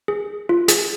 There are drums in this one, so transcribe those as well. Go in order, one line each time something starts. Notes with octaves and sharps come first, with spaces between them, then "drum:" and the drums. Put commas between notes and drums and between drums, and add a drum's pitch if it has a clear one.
G#4
F4
G#4, drum: hi-hat